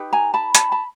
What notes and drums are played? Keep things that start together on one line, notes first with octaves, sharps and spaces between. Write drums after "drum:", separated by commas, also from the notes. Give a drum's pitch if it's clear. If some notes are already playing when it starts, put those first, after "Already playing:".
Already playing: D#4 G4 B4
G#5 A#5
A5 B5
A5 B5, drum: hi-hat
A5 B5